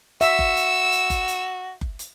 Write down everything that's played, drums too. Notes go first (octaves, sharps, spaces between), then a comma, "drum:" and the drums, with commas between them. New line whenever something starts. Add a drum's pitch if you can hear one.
F#4 E5 E6, drum: hi-hat
drum: kick F#1
drum: hi-hat
drum: hi-hat
drum: kick F#1, hi-hat
drum: hi-hat
drum: kick F#1
drum: hi-hat